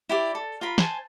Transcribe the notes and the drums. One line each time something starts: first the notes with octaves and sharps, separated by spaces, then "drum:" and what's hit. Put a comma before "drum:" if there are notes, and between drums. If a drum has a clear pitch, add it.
E4 G4 D5 D6
A4
F4 A#4 B5
C5 G#5 A5, drum: snare